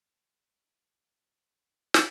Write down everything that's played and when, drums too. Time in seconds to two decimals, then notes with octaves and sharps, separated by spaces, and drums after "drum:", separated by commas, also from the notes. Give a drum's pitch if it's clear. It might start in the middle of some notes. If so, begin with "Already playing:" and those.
0.22 F5 F#5
1.09 C#5
1.94 drum: snare